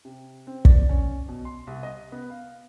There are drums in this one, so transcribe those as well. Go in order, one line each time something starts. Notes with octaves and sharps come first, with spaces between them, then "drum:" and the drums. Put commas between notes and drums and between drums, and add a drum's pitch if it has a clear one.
C3
C4
D5, drum: kick
C#4
B2
C6
C2
D#5
B3
F5